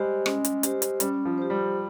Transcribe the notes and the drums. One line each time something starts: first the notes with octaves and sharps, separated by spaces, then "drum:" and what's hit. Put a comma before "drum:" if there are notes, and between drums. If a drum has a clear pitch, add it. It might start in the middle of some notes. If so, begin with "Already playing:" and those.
Already playing: G3 G#3 G4 C5
G#3 C#4, drum: rim click
drum: hi-hat
G4 C5, drum: hi-hat
drum: hi-hat
G3 C#4, drum: hi-hat
F3
G4 C5
G3